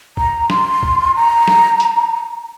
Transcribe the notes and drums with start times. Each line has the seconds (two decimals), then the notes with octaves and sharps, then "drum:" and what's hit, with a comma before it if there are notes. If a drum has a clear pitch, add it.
0.17 A#5, drum: kick
0.50 C6, drum: snare
0.83 drum: kick
1.15 A#5
1.48 drum: snare
1.80 drum: hi-hat